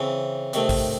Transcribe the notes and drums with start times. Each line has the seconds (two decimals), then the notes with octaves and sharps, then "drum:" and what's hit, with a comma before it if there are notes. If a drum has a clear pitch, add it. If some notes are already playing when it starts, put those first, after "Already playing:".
Already playing: C#3 E3 C4
0.53 C3 D#3 A3 C4, drum: hi-hat
0.69 drum: kick, open hi-hat